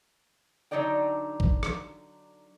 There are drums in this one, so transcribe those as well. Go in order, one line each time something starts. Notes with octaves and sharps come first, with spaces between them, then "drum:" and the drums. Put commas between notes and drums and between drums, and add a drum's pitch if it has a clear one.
D3 F#3 D#4 A4 D5 G5
drum: kick
drum: rim click